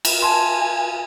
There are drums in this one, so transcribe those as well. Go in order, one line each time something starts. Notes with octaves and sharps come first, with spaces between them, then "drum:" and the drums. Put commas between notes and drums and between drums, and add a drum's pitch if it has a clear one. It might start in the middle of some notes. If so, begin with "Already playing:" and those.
drum: cymbal
G#5 A5 C6